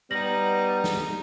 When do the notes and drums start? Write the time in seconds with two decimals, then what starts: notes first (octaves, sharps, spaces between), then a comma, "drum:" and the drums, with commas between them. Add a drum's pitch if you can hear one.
0.11 G3 B3 D#4 G4 A#6 F#7
0.84 drum: snare